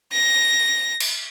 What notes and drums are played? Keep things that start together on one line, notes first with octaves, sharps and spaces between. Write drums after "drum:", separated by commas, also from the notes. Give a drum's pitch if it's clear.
A#6
drum: cymbal